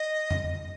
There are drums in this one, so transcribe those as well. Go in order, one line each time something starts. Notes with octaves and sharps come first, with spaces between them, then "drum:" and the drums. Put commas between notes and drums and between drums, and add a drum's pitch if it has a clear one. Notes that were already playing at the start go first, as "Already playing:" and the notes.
Already playing: D#5
drum: tom F2